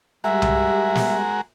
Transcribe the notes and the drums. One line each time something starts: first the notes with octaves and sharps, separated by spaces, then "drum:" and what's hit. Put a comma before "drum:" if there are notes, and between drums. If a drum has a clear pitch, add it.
G3 G#3 F#4 A#4 E5
drum: tom C2
drum: snare